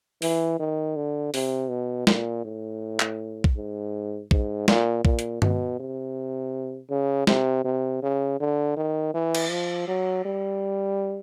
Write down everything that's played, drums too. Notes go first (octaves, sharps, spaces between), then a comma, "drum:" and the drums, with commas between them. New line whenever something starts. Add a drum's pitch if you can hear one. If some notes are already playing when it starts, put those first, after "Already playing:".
E3, drum: open hi-hat
D#3
D3
C3, drum: open hi-hat
B2
A#2, drum: snare
A2
drum: clap
drum: kick A#1
G#2
G#2, drum: kick A#1
A#2, drum: snare
A#2, drum: kick A#1
drum: hi-hat
B2, drum: tom G2
C3
C#3
C3, drum: snare
C3
C#3
D3
D#3
E3
drum: cymbal
F3
F#3
G3